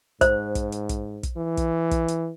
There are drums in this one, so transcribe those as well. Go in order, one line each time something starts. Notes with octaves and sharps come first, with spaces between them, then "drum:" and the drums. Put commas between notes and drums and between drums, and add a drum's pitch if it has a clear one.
G#2 C5, drum: kick, hi-hat
drum: kick, hi-hat
drum: hi-hat
drum: kick, hi-hat
drum: kick, hi-hat
E3
drum: kick, hi-hat
drum: kick, hi-hat
drum: hi-hat